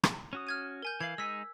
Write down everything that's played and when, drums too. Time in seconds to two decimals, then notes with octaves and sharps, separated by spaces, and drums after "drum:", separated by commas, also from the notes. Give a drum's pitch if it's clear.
0.04 drum: rim click
0.33 C#4 F#4 D#6
0.47 F6 G#6 D#7
0.82 A#4 G#5 G6
1.01 E3 F5 G#6 C7 F#7
1.18 G#3 D#4 G#5 E6 B6